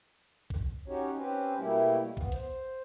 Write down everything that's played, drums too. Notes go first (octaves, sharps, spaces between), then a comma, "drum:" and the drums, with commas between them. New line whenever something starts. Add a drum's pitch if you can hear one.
drum: kick
C#4 D#4 F#4 G4 C#5
C4 C#4 G4 B4 C5
B2 G3 A3 A#3 E4 G4
B3, drum: kick
C5, drum: hi-hat